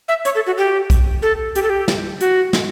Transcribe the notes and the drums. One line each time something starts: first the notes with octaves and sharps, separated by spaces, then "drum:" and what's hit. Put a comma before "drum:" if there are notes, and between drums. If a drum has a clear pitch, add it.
E5
C#5, drum: hi-hat
A4
F#4
G4
drum: kick B1, hi-hat
A4
G4, drum: hi-hat
A4
G4
drum: snare
F#4, drum: hi-hat
drum: snare